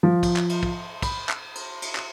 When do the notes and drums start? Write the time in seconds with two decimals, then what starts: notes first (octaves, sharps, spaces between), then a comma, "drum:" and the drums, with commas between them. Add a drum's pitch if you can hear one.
0.03 F3
0.23 drum: kick, cymbal
0.36 drum: clap
0.49 drum: cymbal
0.63 drum: kick
1.02 B5, drum: kick, cymbal
1.29 drum: clap
1.55 drum: cymbal
1.82 drum: cymbal
1.95 drum: clap